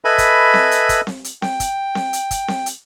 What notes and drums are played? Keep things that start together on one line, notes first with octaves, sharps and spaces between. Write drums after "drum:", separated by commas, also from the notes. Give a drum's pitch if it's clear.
A4 B4 D#5 E5 G#5 B5
drum: kick, hi-hat
drum: snare C4
drum: hi-hat
drum: kick, hi-hat
drum: snare C4
drum: hi-hat
G5, drum: snare C4
drum: kick, hi-hat
drum: snare C4
drum: hi-hat
drum: kick, hi-hat
drum: snare C4
drum: hi-hat